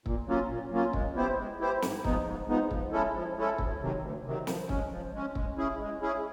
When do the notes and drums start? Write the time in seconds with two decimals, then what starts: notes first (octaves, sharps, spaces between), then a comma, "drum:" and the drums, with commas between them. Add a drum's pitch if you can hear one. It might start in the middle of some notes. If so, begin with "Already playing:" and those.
0.06 A#2, drum: kick
0.27 F#3 A#3 C#4 F4
0.49 A#2
0.71 F#3 A#3 C#4 F4
0.93 G#3, drum: kick
1.16 B3 E4 G4 C5
1.37 G#3
1.60 B3 E4 G4 C5
1.82 G#2, drum: snare
2.04 F3 G#3 B3 D#4, drum: kick
2.26 G#2
2.48 F3 G#3 B3 D#4
2.71 F3, drum: kick
2.92 G#3 C#4 E4 A4
3.14 F3
3.37 G#3 C#4 E4 A4
3.58 D2, drum: kick
3.81 C3 D#3 F#3
4.03 D2
4.25 C3 D#3 F#3
4.47 F3, drum: snare
4.69 G#3 C#4, drum: kick
4.91 F3
5.13 G#3 C#4
5.35 G#3, drum: kick
5.58 C#4 E4 G#4
5.80 G#3
6.02 C#4 E4 G#4